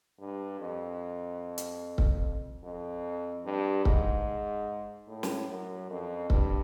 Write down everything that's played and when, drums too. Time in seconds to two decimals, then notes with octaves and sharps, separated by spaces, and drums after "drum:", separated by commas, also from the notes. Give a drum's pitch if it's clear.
0.19 G2
0.60 F2
1.58 drum: hi-hat
1.98 drum: kick C#1
2.63 F2
3.45 G2
3.85 G#2, drum: kick C#1
5.08 A2
5.23 drum: snare
5.49 F#2
5.90 F2
6.30 G2, drum: kick C#1